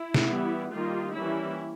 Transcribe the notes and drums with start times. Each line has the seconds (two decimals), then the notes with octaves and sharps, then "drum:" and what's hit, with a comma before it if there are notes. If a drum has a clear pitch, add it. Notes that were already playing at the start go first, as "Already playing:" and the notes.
Already playing: E4
0.14 drum: snare
0.29 E3 G3 B3
0.72 D#3 G3 A#3 D#4 F4
1.15 E3 G3 A#3 C#4 E4